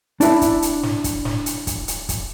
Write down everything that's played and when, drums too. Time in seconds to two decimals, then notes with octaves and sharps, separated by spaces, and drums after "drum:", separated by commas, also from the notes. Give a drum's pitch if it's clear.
0.21 D4 E4 A5, drum: hi-hat
0.41 drum: kick, hi-hat
0.62 drum: hi-hat
0.83 drum: snare
1.04 drum: kick, hi-hat
1.25 drum: snare
1.46 drum: hi-hat
1.67 drum: kick, hi-hat
1.88 drum: hi-hat
2.09 drum: kick, hi-hat